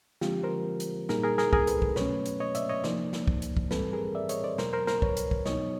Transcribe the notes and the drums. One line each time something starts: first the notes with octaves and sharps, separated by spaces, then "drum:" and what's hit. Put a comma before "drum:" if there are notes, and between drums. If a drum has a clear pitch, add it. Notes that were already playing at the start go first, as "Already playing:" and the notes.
D3 F3 G#3 C4 F4 G4, drum: snare
A#4 C5
drum: hi-hat
A#2 G3 A#3 D#4 G#4 A#4, drum: snare
G#4 A#4
G#4 A#4, drum: snare
G#4 A#4, drum: kick
A4 B4, drum: hi-hat
drum: kick
B2 F#3 A3 C#4 B4 C#5, drum: snare
drum: hi-hat
C#5 D#5
D5 E5, drum: hi-hat
C#5 D#5
C3 F3 A#3 D#4 C5 D5, drum: snare
drum: snare
drum: kick
drum: hi-hat
drum: kick
G#2 E3 G3 C4 A4 B4, drum: snare
G#4 A#4
D5 E5
C#5 D#5, drum: hi-hat
C5 D5
E2 B2 F#3 A#4 C5, drum: snare
A#4 C5
A#4 C5, drum: snare
B4 C#5, drum: kick
drum: hi-hat
drum: kick
B2 F#3 B3 D#4 C#5 D#5, drum: snare